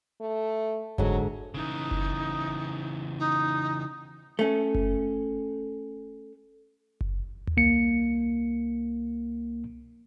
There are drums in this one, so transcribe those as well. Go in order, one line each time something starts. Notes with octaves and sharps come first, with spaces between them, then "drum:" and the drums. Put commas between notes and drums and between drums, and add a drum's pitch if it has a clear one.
A3
G#2 D3 F#3, drum: kick F#1
C#3 E3 D#4
drum: kick F#1
D#4
A3 C#4
drum: kick F#1
drum: kick F#1
drum: tom D#2
C2 A#3 C#7